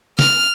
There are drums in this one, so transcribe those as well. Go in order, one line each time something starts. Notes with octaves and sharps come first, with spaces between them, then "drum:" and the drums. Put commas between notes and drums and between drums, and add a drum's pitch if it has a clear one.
F6, drum: snare